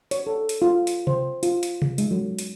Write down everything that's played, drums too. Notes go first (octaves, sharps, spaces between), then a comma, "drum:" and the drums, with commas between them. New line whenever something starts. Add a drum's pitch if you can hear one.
C#5, drum: hi-hat
A4
drum: hi-hat
F4
drum: hi-hat
C5, drum: tom C3
F4, drum: hi-hat
drum: hi-hat
drum: tom C3
G#3, drum: hi-hat
F#3
drum: hi-hat